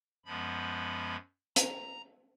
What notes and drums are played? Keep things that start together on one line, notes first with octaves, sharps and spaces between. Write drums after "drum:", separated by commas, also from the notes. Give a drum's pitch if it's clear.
F#2 F3 G#3 B3 B5
A#5, drum: hi-hat